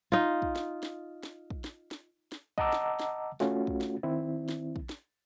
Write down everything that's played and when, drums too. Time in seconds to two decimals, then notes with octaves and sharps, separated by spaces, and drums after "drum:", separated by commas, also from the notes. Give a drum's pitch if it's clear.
0.12 D#4 F4
0.42 drum: kick
0.56 drum: snare
0.83 drum: snare
1.23 drum: snare
1.50 drum: kick
1.64 drum: snare
1.91 drum: snare
2.32 drum: snare
2.58 D#5 F#5 A5 A#5 D6 E6, drum: kick
2.72 drum: snare
3.00 drum: snare
3.40 A3 C#4 F4 F#4, drum: snare
3.67 drum: kick
3.81 drum: snare
4.03 D#3 C4 E4
4.49 drum: snare
4.76 drum: kick
4.89 drum: snare